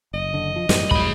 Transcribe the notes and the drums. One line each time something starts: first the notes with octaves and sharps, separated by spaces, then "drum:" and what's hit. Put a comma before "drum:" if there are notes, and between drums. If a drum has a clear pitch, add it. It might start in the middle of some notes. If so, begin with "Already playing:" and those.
F#1 D#5
D3
F3
F#2 A2 E3 G3, drum: snare
F#2 A2 G#4 B5, drum: kick